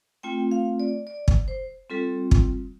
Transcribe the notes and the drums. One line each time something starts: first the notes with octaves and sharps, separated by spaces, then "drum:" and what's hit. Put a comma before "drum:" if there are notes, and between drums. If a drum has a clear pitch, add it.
A3 C4 F4 G5
F5
D5
D5
drum: kick
C5
G3 C4 F4 A4
drum: kick